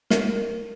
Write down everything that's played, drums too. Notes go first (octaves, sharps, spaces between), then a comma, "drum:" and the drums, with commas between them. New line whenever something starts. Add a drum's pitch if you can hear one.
A#4, drum: snare